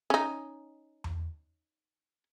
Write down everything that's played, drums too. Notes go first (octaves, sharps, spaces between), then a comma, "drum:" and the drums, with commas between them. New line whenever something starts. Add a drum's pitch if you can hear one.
C#4 D#4
drum: tom E2